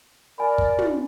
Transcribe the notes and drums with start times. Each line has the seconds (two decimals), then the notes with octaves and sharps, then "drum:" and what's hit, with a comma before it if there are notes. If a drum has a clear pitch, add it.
0.38 A#4 D5 G#5 B5
0.58 drum: kick
0.79 drum: tom